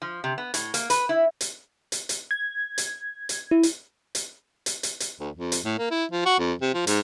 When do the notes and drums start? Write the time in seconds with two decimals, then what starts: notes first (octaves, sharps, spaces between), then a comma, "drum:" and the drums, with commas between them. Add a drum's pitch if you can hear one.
0.02 F3
0.24 C3
0.38 B3
0.54 A2, drum: hi-hat
0.74 A#3, drum: hi-hat
0.90 B4, drum: hi-hat
1.09 E4
1.41 drum: hi-hat
1.92 drum: hi-hat
2.09 drum: hi-hat
2.31 G#6
2.78 drum: hi-hat
3.29 drum: hi-hat
3.51 E4
3.63 drum: hi-hat
4.15 drum: hi-hat
4.66 drum: hi-hat
4.83 drum: hi-hat
5.00 drum: hi-hat
5.20 D2
5.35 F2
5.52 drum: hi-hat
5.65 A2
5.78 A#3
5.91 E4
6.12 F3
6.25 F#4
6.39 F2
6.62 C3
6.74 F3
6.87 G#2, drum: hi-hat